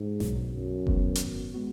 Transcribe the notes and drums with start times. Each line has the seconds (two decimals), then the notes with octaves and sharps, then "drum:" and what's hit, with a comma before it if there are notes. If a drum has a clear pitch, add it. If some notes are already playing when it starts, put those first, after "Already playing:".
Already playing: G#2
0.20 B1 B2 F#3, drum: snare A1
0.54 F#2
0.87 G#2 D#3 B3 F#4, drum: kick F#1
1.15 drum: hi-hat
1.54 G#3 B3 F#4